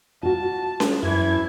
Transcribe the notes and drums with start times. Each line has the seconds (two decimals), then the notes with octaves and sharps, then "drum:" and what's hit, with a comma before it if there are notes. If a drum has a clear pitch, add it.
0.23 F4 F#4 A5
0.80 drum: snare C#4
1.03 F#2 E3 E4 G#6